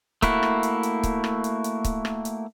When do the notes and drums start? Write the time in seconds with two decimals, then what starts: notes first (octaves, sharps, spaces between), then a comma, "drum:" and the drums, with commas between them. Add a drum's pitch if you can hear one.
0.22 A3 A#3 E4 F#4, drum: kick C#1, hi-hat
0.43 drum: rim click
0.63 drum: hi-hat
0.83 drum: hi-hat
1.03 drum: kick C#1, hi-hat
1.24 drum: rim click
1.44 drum: hi-hat
1.64 drum: hi-hat
1.84 drum: kick C#1, hi-hat
2.05 drum: rim click
2.25 drum: hi-hat